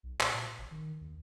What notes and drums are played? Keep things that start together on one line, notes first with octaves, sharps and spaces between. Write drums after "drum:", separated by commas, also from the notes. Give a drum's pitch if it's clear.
B1
A#2, drum: clap
A#2
G#1
D#3
D#2